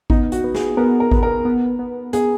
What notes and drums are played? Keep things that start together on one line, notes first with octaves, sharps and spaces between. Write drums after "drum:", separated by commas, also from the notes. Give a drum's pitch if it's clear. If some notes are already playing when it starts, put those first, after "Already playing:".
B3 D#4, drum: kick G#1
F#4, drum: hi-hat
B3
G#4, drum: snare
B3 A#4
A#4
B3, drum: kick G#1
A#4
B3
B3
B3 G#4, drum: hi-hat